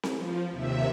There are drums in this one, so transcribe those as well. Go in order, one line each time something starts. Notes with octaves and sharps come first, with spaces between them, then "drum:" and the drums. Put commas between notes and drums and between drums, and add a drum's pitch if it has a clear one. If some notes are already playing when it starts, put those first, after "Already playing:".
drum: snare C4
F3
D#2 C3 E5